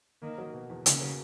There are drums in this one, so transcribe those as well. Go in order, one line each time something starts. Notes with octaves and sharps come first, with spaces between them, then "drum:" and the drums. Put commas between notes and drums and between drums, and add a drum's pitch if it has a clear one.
D#3 A#3
F#3
B2
E2
C#3 A#3, drum: hi-hat
F#3